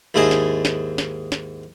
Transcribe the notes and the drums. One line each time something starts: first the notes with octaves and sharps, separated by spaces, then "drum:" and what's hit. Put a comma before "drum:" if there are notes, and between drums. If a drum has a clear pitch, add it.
D#2 G#2 E4 G#4 D#5 A5
drum: snare
drum: snare
drum: snare
drum: snare